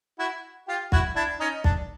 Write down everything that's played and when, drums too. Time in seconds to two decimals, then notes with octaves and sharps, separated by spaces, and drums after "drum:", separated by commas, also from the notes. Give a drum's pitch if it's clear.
0.19 E4 F#4
0.68 F4 G4
0.92 E4 F#4, drum: kick
1.16 D4 E4
1.40 C#4 D#4
1.64 D4, drum: kick